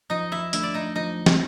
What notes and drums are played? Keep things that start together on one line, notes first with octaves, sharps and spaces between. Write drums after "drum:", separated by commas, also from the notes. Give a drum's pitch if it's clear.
F3 D#4 D#5
E4 E5
A3 D4 E4 E5, drum: hi-hat
D5
D#4 D#5
F3 D#4 D#5
drum: snare